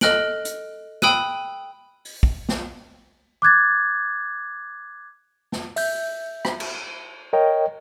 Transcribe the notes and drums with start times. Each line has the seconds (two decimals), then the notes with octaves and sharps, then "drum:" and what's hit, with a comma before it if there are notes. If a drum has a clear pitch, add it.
0.01 A4 D#5 F6 F#6 D7 F#7, drum: snare
0.45 drum: hi-hat
1.02 G5 B5 D#6 E6 F#6 D#7, drum: snare
2.05 drum: open hi-hat
2.23 drum: kick
2.49 drum: snare
3.42 D6 F#6 G#6 A6
5.52 drum: snare
5.76 E5 G6, drum: open hi-hat
6.45 drum: rim click
6.60 drum: cymbal
7.33 A#4 C#5 D#5 G5